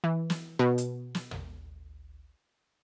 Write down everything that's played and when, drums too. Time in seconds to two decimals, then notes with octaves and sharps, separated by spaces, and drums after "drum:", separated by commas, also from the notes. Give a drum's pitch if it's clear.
0.04 E3
0.30 drum: snare
0.59 B2
0.78 drum: hi-hat
1.15 drum: snare
1.31 drum: tom